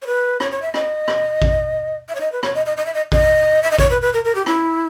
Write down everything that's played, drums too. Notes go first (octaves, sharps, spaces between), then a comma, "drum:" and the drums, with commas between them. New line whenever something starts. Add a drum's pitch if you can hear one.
C#5
B4
C#5, drum: rim click
C#5
E5
D#5, drum: rim click
drum: rim click
drum: kick A1
E5
C#5
D#5
B4
C#5, drum: rim click
D#5
D#5
D#5
E5
D#5
D#5, drum: kick A1
E5
D#5
C#5, drum: kick A1
B4
B4
A#4
A#4
G4
E4, drum: rim click